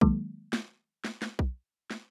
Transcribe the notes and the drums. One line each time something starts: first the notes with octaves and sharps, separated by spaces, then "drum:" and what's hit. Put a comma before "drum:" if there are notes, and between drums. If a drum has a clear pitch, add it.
D#3 F#3 G#3 A#3, drum: kick B1
drum: snare
drum: snare
drum: snare
drum: kick B1
drum: snare